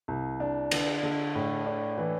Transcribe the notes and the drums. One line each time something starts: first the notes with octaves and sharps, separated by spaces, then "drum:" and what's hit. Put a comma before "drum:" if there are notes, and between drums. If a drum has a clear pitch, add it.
C2
D4
D3, drum: cymbal
D3
A2
D4
E3